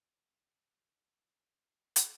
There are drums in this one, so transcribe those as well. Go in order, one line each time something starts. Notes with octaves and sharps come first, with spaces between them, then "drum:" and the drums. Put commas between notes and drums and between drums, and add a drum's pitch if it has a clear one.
G#2 A3 E4 F4 B4 G5
A#3
drum: hi-hat